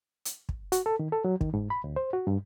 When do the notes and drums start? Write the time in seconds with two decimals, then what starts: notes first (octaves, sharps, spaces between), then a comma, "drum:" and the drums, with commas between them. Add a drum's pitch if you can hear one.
0.25 drum: hi-hat
0.49 drum: kick
0.72 F#4, drum: hi-hat
0.86 A4
0.99 D#3
1.12 A4
1.25 F#3
1.41 D#3, drum: kick
1.54 G#2
1.70 B5
1.84 D2
1.96 C5
2.13 F#4
2.27 G2